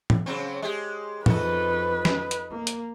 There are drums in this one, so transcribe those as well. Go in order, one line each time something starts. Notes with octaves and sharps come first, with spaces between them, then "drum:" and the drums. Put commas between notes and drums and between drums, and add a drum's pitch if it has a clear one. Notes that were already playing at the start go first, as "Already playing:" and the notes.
drum: tom
C#3 F#3 C4
G#3 G4
F2 D#4 F#4 A4 B4, drum: tom
drum: snare
drum: hi-hat
A#3
drum: hi-hat